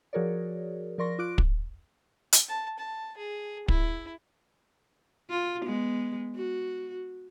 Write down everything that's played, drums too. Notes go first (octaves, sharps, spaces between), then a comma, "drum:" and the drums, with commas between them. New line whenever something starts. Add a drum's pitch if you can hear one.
F3 F#4 G#4 A#4 C#5 D5
F3 A#4 D5 C6 C#6 A#6
F4 D6 F#6 D7
drum: kick
drum: hi-hat
A5
A5
G#4
E4, drum: kick
F4
G#3 B3
F#4